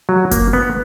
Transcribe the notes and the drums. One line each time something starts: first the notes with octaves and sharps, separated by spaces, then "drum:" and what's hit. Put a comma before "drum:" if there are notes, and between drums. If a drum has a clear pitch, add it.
F#3
A#3, drum: kick F#1, hi-hat
B3